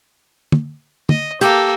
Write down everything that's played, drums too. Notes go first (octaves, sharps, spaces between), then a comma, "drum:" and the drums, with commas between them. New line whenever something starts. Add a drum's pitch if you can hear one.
drum: tom
D#5, drum: tom
A#3 G4 A4, drum: hi-hat